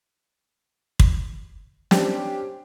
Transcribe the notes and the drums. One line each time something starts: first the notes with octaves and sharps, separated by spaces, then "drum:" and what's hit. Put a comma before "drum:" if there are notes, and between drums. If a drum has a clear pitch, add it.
drum: kick
C#4 D4 G4 C5, drum: snare